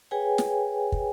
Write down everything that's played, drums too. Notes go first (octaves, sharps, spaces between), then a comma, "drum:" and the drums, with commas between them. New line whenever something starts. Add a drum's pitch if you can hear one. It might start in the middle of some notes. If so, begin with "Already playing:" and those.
G#4 B4 C#5 G5 G#5
drum: snare
drum: kick